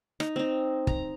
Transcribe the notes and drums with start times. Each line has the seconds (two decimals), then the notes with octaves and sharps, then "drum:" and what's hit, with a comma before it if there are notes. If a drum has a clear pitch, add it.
0.20 D#4, drum: rim click
0.36 C4 D#4
0.87 A#5, drum: kick